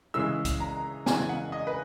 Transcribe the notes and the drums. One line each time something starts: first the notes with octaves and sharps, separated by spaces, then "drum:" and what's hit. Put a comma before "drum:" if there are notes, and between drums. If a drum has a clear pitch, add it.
C#3 E3 G#3 E6
drum: kick C2, hi-hat
A#5
C#3 E3 G#3 G#5, drum: snare
F#5
D#5
B4